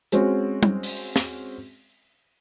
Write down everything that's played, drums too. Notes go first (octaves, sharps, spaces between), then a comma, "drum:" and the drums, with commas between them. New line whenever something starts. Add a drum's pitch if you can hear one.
G#3 C4 C#4 F#4, drum: hi-hat
drum: tom
drum: open hi-hat
drum: snare